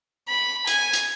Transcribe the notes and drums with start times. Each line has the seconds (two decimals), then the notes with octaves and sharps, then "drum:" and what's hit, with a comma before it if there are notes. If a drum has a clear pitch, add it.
0.29 B5
0.67 G#5, drum: hi-hat
0.93 drum: hi-hat